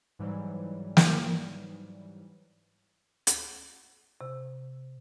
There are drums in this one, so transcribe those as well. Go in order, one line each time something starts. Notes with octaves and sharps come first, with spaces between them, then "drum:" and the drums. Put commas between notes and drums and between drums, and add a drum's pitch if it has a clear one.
G#2 E3 F#3 G3
drum: snare
drum: hi-hat
C3